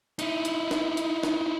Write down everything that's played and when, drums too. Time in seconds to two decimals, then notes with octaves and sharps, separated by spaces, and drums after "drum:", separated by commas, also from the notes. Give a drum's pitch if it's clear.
0.19 D#4 E4, drum: hi-hat
0.45 drum: hi-hat
0.71 drum: snare
0.97 drum: hi-hat
1.23 drum: snare